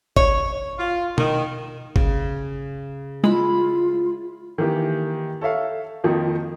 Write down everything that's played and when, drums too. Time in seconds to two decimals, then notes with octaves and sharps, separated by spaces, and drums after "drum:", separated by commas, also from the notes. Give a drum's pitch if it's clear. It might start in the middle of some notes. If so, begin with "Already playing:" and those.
0.16 C#5, drum: kick
0.79 F4
1.18 D#3, drum: tom B2
1.96 C#3, drum: kick
3.24 G#3 E4 F4 B5
4.58 D#3 E3 A#3 G4
5.41 A4 C#5 E5 F5
6.04 F2 D#3 F3 A#3 D#4